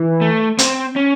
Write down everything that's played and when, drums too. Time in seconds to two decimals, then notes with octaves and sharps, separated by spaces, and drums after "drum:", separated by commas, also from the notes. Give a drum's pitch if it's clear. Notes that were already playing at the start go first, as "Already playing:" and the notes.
Already playing: E3
0.21 A3
0.59 C4, drum: hi-hat
0.96 C#4